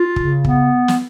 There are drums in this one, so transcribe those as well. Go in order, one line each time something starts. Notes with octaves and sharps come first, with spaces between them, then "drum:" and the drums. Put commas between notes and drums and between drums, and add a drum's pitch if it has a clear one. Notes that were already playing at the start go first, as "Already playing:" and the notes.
Already playing: F4
C#3, drum: kick
B3, drum: kick
drum: snare